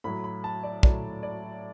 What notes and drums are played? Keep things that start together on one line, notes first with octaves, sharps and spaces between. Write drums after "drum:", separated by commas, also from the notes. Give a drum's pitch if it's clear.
A2 F#3 B5
B5
A5
D5
A2 F#3 D5, drum: kick
D5